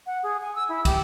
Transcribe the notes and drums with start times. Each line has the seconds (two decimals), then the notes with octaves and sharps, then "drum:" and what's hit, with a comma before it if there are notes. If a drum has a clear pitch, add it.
0.06 F#5
0.23 G#4
0.41 G#5
0.55 E6
0.69 E4
0.85 G4, drum: kick, cymbal